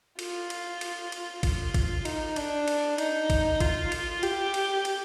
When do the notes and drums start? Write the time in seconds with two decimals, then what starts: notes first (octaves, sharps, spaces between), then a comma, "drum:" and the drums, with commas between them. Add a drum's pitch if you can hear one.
0.19 F4, drum: cymbal
0.50 drum: cymbal
0.81 drum: cymbal
1.12 drum: cymbal
1.43 F4, drum: kick, cymbal
1.74 drum: kick, cymbal
2.05 D#4, drum: cymbal
2.36 D4, drum: cymbal
2.68 drum: cymbal
2.98 D#4, drum: cymbal
3.30 drum: kick, cymbal
3.60 F4, drum: kick, cymbal
3.92 drum: cymbal
4.23 G4, drum: cymbal
4.54 drum: cymbal
4.85 drum: cymbal